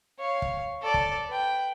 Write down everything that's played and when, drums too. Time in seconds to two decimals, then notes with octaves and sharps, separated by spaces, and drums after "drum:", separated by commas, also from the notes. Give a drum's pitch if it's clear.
0.19 C#5 F5
0.42 drum: kick
0.82 A4 D5
0.94 drum: kick
1.29 B4 G5